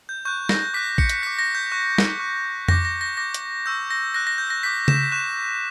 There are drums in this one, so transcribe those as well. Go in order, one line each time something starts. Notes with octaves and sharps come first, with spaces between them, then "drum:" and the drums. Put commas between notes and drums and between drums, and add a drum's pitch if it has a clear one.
G6
C#6 F#6 G6
A#6, drum: snare
D6 F#6 B6
C#7, drum: kick
drum: hi-hat
D6 F#6 B6
A#6
G6
C#6 F#6
drum: snare
C#6 F#6
D6 G6 A#6, drum: tom F2
A#6
A#6
D6 G6 A#6
drum: hi-hat
C#6 E6 G6
A#6
D6 F#6 A#6
A#6
G6
A#6
D6 G6 B6
E7, drum: tom C#3
C#6 F#6 E7